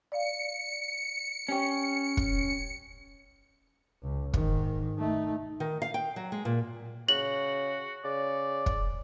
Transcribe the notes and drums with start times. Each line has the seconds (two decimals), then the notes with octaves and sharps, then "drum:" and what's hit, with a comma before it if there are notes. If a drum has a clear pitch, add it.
0.12 D5 F5 C#7
1.49 C#4 G4 C#5 G5
2.17 drum: kick
4.02 C#2
4.34 G#2 D#3, drum: kick
4.99 A3 D#4
5.60 D#3
5.82 F5
5.94 G5
6.16 F#3
6.32 G#3
6.45 A#2
7.09 C#3 F#4 F#7
8.04 C#3 D5
8.66 drum: kick